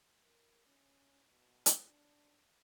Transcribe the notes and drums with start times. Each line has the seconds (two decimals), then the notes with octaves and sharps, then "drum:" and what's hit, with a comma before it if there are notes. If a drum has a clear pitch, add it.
0.25 A#4
0.66 C#4
1.30 B2
1.66 drum: hi-hat
1.87 D4